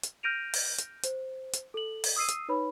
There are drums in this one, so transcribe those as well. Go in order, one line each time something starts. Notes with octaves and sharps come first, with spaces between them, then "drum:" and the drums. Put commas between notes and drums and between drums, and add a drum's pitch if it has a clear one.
drum: hi-hat
F6 G6 A#6 D7 D#7 F7
drum: open hi-hat
drum: hi-hat
C5, drum: hi-hat
drum: hi-hat
A4 F#7
drum: open hi-hat
D#6 E6 C7 D#7
drum: hi-hat
D#4 B4 C#5 B5